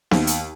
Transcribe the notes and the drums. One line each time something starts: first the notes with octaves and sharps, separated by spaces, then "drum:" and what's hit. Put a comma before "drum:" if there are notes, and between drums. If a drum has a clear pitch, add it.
D#2, drum: snare B3
drum: hi-hat